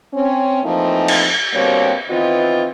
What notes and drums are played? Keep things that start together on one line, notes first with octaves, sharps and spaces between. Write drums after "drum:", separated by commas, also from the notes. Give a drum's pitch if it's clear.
C4 C#4
E3 F3 A3 A#3 C4 D#4
drum: cymbal
D2 B2 G3 A#3 C4 C#5
D#3 E3 B3 C4 F4 D#5